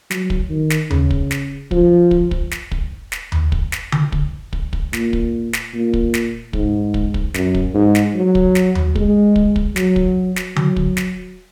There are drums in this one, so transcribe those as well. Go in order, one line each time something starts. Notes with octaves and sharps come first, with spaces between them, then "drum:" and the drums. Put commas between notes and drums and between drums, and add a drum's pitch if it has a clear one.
F#3, drum: snare
drum: kick
D#3
drum: snare
C#3, drum: tom D#2
drum: kick
drum: snare
F3, drum: kick
drum: kick
drum: kick
drum: snare
drum: kick
drum: snare
drum: tom D#2
drum: kick
drum: snare
drum: tom D3
drum: kick
drum: kick
drum: kick
A#2, drum: snare
drum: kick
drum: snare
A#2
drum: kick
drum: snare
G#2, drum: kick
drum: kick
drum: kick
F#2, drum: snare
drum: kick
G#2
drum: snare
F#3
drum: kick
drum: snare
drum: tom D#2
G#3, drum: kick
drum: kick
drum: kick
F#3, drum: snare
drum: kick
drum: snare
F#3, drum: tom D3
drum: kick
drum: snare